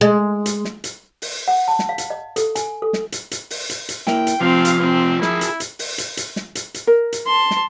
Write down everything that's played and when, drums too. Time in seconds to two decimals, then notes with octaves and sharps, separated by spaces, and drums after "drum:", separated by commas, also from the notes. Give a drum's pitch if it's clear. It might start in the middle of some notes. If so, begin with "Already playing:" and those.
0.01 G#3
0.46 drum: hi-hat
0.65 drum: snare
0.84 drum: hi-hat
1.22 drum: open hi-hat
1.48 F#5
1.68 A5
1.79 drum: snare
1.89 F5
1.98 drum: hi-hat
2.10 D#5
2.36 A4, drum: hi-hat
2.55 G#5, drum: hi-hat
2.82 A4
2.93 drum: snare
3.12 drum: hi-hat
3.31 drum: hi-hat
3.50 drum: open hi-hat
3.70 drum: hi-hat
3.89 drum: hi-hat
4.07 A#3 E4 G5, drum: snare
4.27 drum: hi-hat
4.41 C3 F3 C4 F4 F5
4.65 drum: hi-hat
4.80 C4
5.22 E4 G#4 A#4, drum: snare
5.41 drum: hi-hat
5.60 drum: hi-hat
5.79 drum: open hi-hat
5.98 drum: hi-hat
6.17 drum: hi-hat
6.36 drum: snare
6.55 drum: hi-hat
6.74 drum: hi-hat
6.87 A#4
7.12 drum: hi-hat
7.26 A5 C6
7.51 drum: snare